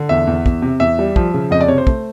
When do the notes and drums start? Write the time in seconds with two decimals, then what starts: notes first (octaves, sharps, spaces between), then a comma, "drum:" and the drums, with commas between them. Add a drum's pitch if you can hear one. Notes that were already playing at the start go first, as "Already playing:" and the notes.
Already playing: D3
0.09 E2 E5
0.27 E2
0.46 E2, drum: kick
0.62 C3
0.80 E2 E5
0.99 G3
1.16 F3, drum: kick
1.34 C#3
1.51 F2 D#5
1.61 D5
1.68 C3 C#5
1.78 C5
1.87 A3, drum: kick